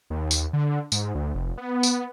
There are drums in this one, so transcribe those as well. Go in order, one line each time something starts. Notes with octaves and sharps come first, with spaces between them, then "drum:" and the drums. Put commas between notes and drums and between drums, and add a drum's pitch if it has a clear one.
D#2
drum: tambourine
D3
G#2, drum: tambourine
D2
F1
B3
drum: tambourine